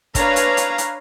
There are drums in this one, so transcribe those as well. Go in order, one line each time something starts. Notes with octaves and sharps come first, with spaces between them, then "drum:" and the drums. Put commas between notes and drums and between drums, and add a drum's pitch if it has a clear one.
D4 B4 C#5 F5 A#5, drum: kick, hi-hat
drum: hi-hat
drum: hi-hat
drum: hi-hat